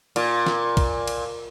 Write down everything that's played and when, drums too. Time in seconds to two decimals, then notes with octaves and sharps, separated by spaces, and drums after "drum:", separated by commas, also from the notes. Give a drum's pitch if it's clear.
0.16 A#2, drum: cymbal
0.46 drum: snare
0.77 drum: kick, cymbal
1.08 drum: cymbal